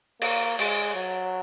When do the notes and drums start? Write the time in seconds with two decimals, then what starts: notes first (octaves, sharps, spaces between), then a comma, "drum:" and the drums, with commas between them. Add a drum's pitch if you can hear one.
0.22 A#3, drum: cymbal
0.59 G#3, drum: cymbal
0.95 F#3